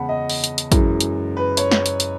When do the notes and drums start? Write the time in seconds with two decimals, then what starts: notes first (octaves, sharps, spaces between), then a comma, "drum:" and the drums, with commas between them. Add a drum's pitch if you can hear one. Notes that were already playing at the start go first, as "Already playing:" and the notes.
Already playing: E2 C#3 G#3 F#5 A5 B5
0.09 D#5
0.30 drum: open hi-hat
0.44 drum: hi-hat
0.58 drum: hi-hat
0.72 F#2 E3 G#3, drum: kick, hi-hat
1.00 drum: hi-hat
1.37 B4
1.57 C#5, drum: hi-hat
1.71 drum: snare
1.86 drum: hi-hat
2.00 drum: hi-hat